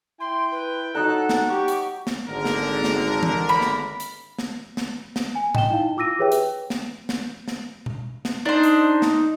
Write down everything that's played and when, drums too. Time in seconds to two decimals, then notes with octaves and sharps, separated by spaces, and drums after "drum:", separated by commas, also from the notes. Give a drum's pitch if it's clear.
0.20 E4 G5 C6
0.52 B4
0.95 F#3 D#4 A4 A#5 F#6
1.29 drum: snare
1.49 G4 C#6
1.68 drum: hi-hat
2.07 drum: snare
2.28 G#1 D3 A#4
2.45 drum: snare
2.84 drum: snare
3.23 drum: tom
3.49 B5
3.61 drum: snare
4.00 drum: hi-hat
4.39 drum: snare
4.77 drum: snare
5.16 drum: snare
5.35 G#5
5.55 D#5 G5 E7 G7, drum: tom G#2
5.70 D#4 E4 F5
5.97 F4 D6 E6 A#6 D#7
6.19 G4 G#4 B4 C#5 E5 G5
6.32 drum: hi-hat
6.70 drum: snare
7.09 drum: snare
7.48 drum: snare
7.86 drum: tom B2
8.25 drum: snare
8.45 D4 D#4 C5
8.63 drum: hi-hat
9.02 drum: snare